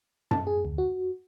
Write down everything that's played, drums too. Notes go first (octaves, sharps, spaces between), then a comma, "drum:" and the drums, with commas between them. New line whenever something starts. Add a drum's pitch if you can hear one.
A5, drum: tom F#2
G#4
D2
F#4